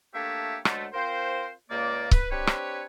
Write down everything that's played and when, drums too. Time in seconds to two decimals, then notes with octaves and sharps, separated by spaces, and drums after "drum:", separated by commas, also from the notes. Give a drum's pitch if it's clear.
0.14 A3 A#3 D4 G4 C#5 E5
0.65 D2 F#3 G#3 A3, drum: rim click
0.94 C4 F4 A#4 C5
1.70 C#2 A#3 D5
2.11 B4, drum: kick C#1
2.31 C4 D4 G4 B4 C#5
2.47 drum: rim click